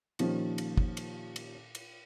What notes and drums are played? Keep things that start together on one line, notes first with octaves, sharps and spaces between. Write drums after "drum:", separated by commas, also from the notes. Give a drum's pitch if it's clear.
A#2 D#3 F3 G3 C#4, drum: cymbal
drum: cymbal
drum: kick
drum: cymbal
drum: cymbal
drum: cymbal